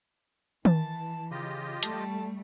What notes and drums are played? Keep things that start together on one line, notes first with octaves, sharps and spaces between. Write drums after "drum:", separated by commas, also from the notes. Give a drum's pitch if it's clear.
E3 A5, drum: tom D#3
C#3 F4 G4 D#5
G3 A3 A5, drum: hi-hat